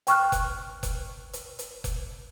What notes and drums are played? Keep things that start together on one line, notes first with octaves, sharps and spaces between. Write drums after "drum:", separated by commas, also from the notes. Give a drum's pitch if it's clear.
G5 C#6 F6 F#6, drum: hi-hat
drum: kick F1, hi-hat
drum: kick F1, hi-hat
drum: hi-hat
drum: hi-hat
drum: kick F1, hi-hat